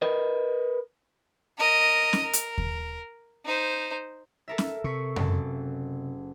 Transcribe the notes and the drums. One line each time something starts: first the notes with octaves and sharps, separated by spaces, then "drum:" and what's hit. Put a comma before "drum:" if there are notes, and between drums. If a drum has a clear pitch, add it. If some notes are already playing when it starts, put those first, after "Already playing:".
A#4 B4 D#5
A#4 D#5
drum: snare C#4
A#4
drum: hi-hat
drum: kick D#2
D#4 C5
A4 A#4 E5
drum: snare C#4
C3 C#6 B6
F#1 A5, drum: tom F#2